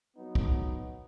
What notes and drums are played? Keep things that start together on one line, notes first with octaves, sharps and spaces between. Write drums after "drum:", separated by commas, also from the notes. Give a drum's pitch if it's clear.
F#3 B3 D#4
drum: kick